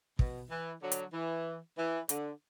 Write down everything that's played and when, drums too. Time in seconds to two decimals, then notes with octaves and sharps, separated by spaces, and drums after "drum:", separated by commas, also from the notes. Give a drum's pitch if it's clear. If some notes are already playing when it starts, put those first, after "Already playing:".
0.19 B2, drum: kick
0.50 E3
0.82 D3 F#3
0.92 drum: hi-hat
1.13 E3
1.77 E3
2.09 D3, drum: hi-hat